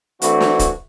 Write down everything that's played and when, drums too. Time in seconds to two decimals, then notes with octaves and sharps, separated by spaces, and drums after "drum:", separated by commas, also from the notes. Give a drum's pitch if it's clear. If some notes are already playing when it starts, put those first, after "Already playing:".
0.22 E3 A3 C4 D4 F#4, drum: hi-hat
0.40 drum: snare
0.59 drum: kick, hi-hat